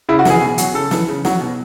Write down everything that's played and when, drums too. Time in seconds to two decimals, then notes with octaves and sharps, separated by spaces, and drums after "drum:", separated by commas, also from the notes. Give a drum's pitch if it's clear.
0.09 C#3 E4
0.19 F#4
0.25 E3 G#4, drum: snare
0.41 B2
0.58 F#3, drum: hi-hat
0.74 C#3 A4
0.91 E3, drum: snare
1.08 C#3
1.25 F#3, drum: snare
1.41 B2